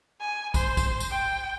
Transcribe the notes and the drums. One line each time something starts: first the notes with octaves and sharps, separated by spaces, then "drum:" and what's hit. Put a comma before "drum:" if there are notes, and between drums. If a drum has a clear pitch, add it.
G#5
C5, drum: kick, tambourine
drum: kick, tambourine
drum: tambourine
G5